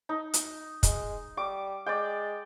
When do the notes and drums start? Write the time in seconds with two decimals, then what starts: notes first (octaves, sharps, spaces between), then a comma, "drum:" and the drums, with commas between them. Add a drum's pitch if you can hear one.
0.09 D#4
0.34 drum: hi-hat
0.83 G#3, drum: kick, hi-hat
1.37 G3 D6
1.86 G#3 D5 G5